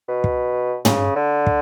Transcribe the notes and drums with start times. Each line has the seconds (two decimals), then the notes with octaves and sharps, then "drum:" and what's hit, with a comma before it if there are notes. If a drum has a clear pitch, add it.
0.08 B2
0.24 drum: kick
0.85 C#3, drum: tom
1.16 D3
1.47 drum: kick